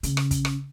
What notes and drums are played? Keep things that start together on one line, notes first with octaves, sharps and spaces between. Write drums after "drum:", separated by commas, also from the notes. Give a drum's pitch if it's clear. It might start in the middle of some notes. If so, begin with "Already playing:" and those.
C#3, drum: hi-hat
drum: rim click
drum: kick, hi-hat
drum: rim click